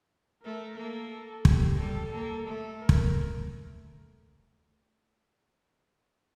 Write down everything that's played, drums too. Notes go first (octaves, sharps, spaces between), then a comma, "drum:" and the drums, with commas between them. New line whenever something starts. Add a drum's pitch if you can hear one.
A3 A#4
A#3 A4
A4
A#3 G4, drum: kick
G3 A4
A#3
A3
A#4
drum: kick